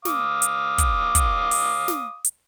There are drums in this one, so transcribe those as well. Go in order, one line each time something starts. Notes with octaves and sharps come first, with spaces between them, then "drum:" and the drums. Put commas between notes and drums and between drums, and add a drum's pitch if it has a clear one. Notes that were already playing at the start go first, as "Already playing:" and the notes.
F5 D6 D#6, drum: snare
drum: hi-hat
drum: kick, hi-hat
drum: kick, hi-hat
drum: open hi-hat
drum: snare
drum: hi-hat